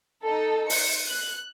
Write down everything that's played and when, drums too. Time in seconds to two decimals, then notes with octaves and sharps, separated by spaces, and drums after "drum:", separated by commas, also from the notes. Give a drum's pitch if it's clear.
0.22 D#4 A4
0.70 C#7, drum: open hi-hat
1.06 F#6